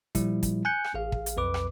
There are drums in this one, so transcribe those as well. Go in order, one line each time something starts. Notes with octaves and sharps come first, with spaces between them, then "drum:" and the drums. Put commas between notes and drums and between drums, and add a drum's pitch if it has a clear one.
A#2 F3 G3 E4, drum: kick, hi-hat
drum: kick, hi-hat
G#5 F#6 G6 C#7
drum: rim click
A1 G#4 F5
drum: kick
drum: hi-hat
B1 F2 B4 D6
drum: rim click